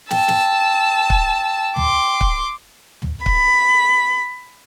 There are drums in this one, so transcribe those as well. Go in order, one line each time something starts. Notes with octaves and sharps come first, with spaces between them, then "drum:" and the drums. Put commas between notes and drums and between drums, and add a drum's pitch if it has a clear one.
G5 A5 E6, drum: snare
drum: snare
drum: kick
C6 D6, drum: tom
drum: kick
drum: tom
B5, drum: kick